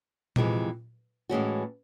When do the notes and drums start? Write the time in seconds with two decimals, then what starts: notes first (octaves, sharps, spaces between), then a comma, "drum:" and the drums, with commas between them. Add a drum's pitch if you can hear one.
0.36 F2 C3 E3 G#3, drum: tom A#2
1.29 A2 E3 G#3 C#4 F#4